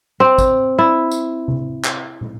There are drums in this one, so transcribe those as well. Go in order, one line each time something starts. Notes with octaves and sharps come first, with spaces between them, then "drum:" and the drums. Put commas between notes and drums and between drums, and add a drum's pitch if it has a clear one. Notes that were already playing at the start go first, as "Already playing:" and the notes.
C4
drum: kick, tambourine
E4
drum: tambourine
drum: tom C3
drum: clap
drum: tom